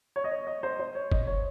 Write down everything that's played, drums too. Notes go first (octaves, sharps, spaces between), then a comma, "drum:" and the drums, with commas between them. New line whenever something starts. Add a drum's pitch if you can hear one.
C#5
D#5
C#5
D#5
C5
C5
C#5
D#5, drum: kick
C#5